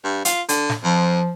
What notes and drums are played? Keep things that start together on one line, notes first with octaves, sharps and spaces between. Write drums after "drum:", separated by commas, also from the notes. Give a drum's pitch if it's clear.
G2
F4, drum: hi-hat
D3, drum: hi-hat
drum: snare
F2 F3